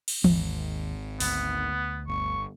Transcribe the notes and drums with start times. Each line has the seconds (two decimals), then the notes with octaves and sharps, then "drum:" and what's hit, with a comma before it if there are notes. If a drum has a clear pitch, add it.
0.08 drum: cymbal
0.24 G#1 D#2, drum: tom E3
1.20 D2 B3, drum: open hi-hat
2.08 G1 C#6